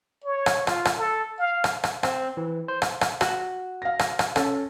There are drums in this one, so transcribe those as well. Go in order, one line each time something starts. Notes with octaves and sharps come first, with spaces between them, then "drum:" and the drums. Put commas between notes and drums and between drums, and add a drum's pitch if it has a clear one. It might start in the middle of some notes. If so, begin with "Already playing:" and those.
C#5
drum: rim click
F4, drum: rim click
drum: rim click
A4
F5
drum: rim click
drum: rim click
C4, drum: rim click
E3
C5
drum: rim click
drum: rim click
F#4, drum: rim click
F5 A#6
drum: rim click
drum: rim click
C#4 A4, drum: rim click